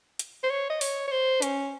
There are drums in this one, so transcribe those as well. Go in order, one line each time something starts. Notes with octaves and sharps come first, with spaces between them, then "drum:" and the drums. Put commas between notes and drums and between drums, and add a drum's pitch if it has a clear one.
drum: hi-hat
C5
C#5
D#5
C#5, drum: open hi-hat
C#5
C5
C#4, drum: hi-hat